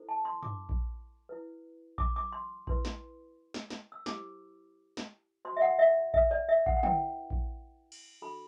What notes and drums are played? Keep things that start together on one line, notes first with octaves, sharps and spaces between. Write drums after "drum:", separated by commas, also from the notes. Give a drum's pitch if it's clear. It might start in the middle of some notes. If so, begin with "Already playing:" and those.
Already playing: E4 A4 C5
A5
C6
D6, drum: tom
drum: kick A#1
E4 B4
D6, drum: kick A#1
D6
C6
E4 B4 C6, drum: kick A#1
drum: snare
drum: snare
drum: snare
E6
E4 G4 C5 D6, drum: snare
drum: snare
F#4 C5 C6
E5
F#5
E5
E5, drum: kick A#1
D5
E5
F#5, drum: kick A#1
F#5
E4 B4 G5, drum: tom
drum: kick A#1
drum: cymbal
D4 F#4 A4 B5